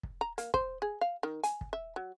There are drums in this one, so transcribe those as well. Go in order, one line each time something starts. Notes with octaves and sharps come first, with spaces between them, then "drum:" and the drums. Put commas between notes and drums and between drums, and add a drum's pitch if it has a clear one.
drum: kick
A#5
A#3, drum: hi-hat
C5, drum: kick
G#4
F5
D#3
G#5, drum: hi-hat
drum: kick
E5
F#3